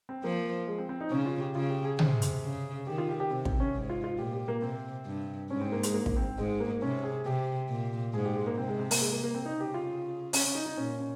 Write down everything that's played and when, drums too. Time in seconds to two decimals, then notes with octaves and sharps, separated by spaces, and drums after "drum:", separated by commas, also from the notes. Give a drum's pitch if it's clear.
0.09 C4
0.24 F3 A#3
0.67 G#3
0.78 C4
0.89 C4
1.01 D#4
1.11 C#3 C#4
1.26 F4
1.40 G4
1.55 C#3 F4
1.70 G4
1.85 G#4
1.99 C3, drum: tom
2.22 drum: hi-hat
2.43 C#3
2.86 D#3 G4
2.98 F4
3.09 G4
3.20 G4
3.31 C3 C4
3.45 C4, drum: kick
3.60 C#4
3.74 G#2
3.89 F4
4.04 F4
4.18 A#2 G4
4.33 G4
4.48 A#3
4.62 C3 C4
5.06 G2
5.50 G#2 C#4
5.61 C4
5.72 A#3
5.83 G#3, drum: hi-hat
5.94 A#3
6.06 drum: kick
6.17 C4
6.38 G#2 G#3
6.60 A#3
6.82 C3 C#4
7.04 G#4
7.26 C3 G4
7.70 A#2
8.14 G#2 G#4
8.25 G4
8.35 G#3
8.47 A#3
8.57 C3 C4
8.68 G#3
8.80 C4
8.91 A#3, drum: open hi-hat
9.01 G#3
9.13 A#3
9.24 A#3
9.35 C4
9.45 C#3 D#4
9.60 G4
9.74 F4
10.33 C#4, drum: open hi-hat
10.44 C#4
10.55 D#4
10.66 D#4
10.77 A#2 C#4
10.99 C#4